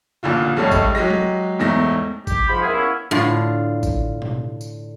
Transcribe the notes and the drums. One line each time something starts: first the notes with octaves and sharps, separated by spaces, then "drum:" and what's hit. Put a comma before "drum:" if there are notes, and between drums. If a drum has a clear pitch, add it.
A1 A#2 D3 F4
F1 G2 G#3 A3 A4 C#5
drum: kick, tambourine
F#3 G#3 G4 A#6
drum: tom G#3
E1 E2 G#2 A3 A#6
G4, drum: kick, tambourine
G#2 F3 B5
A#3 B3 E4 G#4
C#4
A2 D3 F4
drum: kick, tambourine
drum: tom B2
drum: tambourine